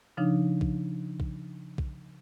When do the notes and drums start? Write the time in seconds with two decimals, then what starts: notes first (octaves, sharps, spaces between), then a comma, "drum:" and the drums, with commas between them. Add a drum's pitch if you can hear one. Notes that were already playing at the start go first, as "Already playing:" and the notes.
0.17 C#3 F3 D4 D#4
0.61 drum: kick B1
1.20 drum: kick B1
1.78 drum: kick B1